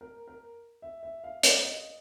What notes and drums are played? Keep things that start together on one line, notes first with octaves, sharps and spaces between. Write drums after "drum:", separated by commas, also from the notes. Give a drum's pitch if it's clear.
A#4
A#4
E5
E5
F5
F5, drum: hi-hat
D#5